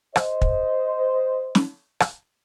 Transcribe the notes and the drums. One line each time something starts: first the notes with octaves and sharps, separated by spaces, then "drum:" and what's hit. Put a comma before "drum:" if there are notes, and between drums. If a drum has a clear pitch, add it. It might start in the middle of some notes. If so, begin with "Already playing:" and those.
C5 D#5, drum: rim click
drum: kick
drum: snare
drum: rim click